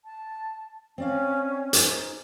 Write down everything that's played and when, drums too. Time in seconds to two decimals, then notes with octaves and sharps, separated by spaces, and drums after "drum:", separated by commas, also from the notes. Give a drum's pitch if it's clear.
0.05 A5
0.98 C4 C#4 D5 F5
1.73 D#4 G#4 C5, drum: hi-hat